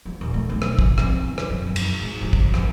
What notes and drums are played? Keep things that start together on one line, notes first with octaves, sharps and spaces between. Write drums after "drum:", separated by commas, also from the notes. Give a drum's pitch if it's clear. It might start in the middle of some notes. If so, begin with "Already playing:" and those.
F3
D#1
A3
B1
drum: rim click
F3, drum: kick
C3, drum: rim click
E2
drum: rim click
F2
F#2
drum: cymbal
G#2
F3
drum: kick
F#1, drum: rim click